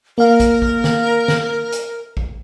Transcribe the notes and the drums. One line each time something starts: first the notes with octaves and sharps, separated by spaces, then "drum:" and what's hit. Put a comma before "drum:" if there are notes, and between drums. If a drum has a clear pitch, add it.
A#3 A#4 F5
drum: kick, hi-hat
drum: kick
drum: snare
drum: snare
drum: hi-hat
drum: kick